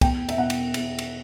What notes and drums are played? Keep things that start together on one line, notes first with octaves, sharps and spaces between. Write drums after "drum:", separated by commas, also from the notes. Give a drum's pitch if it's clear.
E2 G5, drum: kick, cymbal
E5, drum: cymbal
B2 F#5
drum: cymbal
E2, drum: cymbal
drum: cymbal